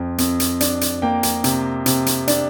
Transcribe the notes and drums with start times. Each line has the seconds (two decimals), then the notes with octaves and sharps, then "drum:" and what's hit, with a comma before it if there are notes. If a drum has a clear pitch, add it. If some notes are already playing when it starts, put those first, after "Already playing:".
Already playing: F2 F3
0.18 F2, drum: hi-hat
0.40 drum: hi-hat
0.60 D4, drum: hi-hat
0.81 drum: hi-hat
1.02 A#3 G5
1.23 drum: hi-hat
1.44 C3, drum: hi-hat
1.86 C3, drum: hi-hat
2.06 drum: hi-hat
2.28 D4, drum: hi-hat